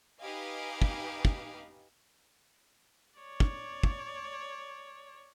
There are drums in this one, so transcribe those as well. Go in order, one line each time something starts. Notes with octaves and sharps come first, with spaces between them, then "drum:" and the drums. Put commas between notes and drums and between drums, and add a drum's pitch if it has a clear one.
D#4 G4 B4 D#5 F5 G#5
drum: kick
drum: kick
C#5 D5
drum: kick
drum: kick